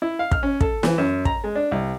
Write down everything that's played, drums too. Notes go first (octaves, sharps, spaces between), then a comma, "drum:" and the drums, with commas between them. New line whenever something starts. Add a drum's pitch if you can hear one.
E4
F5
F6, drum: kick
C#4
A4, drum: kick
E3, drum: snare
F#2
A#5, drum: kick
G#3
D4
C2